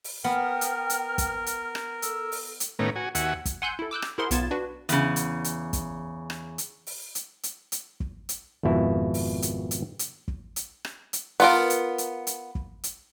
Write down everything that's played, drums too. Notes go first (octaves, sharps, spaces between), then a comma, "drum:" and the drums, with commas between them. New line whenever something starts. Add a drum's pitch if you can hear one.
drum: open hi-hat
B3 A#4 G5 F6
drum: hi-hat
drum: hi-hat
drum: kick, hi-hat
drum: hi-hat
drum: rim click
A4 E6, drum: hi-hat
drum: open hi-hat
drum: hi-hat
A2 D#3 A3 B3 C#4 A#5
F#4 G#5
D#2 F#4 E5 F#5 G#5, drum: hi-hat
drum: kick, hi-hat
F#5 G#5 C6 E6 F#6 G6
E4 A4
D6 E6 F#6 G6
drum: rim click
E4 G#4 A#4 C5 F#5 C6
B1 B3 F4 G#6 A6 E7, drum: hi-hat
D4 F#4 B4
E2 C#3, drum: hi-hat
drum: hi-hat
drum: hi-hat
drum: kick, hi-hat
drum: rim click
drum: hi-hat
drum: open hi-hat
drum: hi-hat
drum: hi-hat
drum: hi-hat
drum: kick
drum: hi-hat
G#1 F2 B2 E4
drum: open hi-hat
drum: hi-hat
drum: hi-hat
drum: hi-hat
drum: kick
drum: hi-hat
drum: rim click
drum: hi-hat
B3 F4 A#4, drum: open hi-hat
drum: hi-hat
drum: hi-hat
drum: hi-hat
drum: kick
drum: hi-hat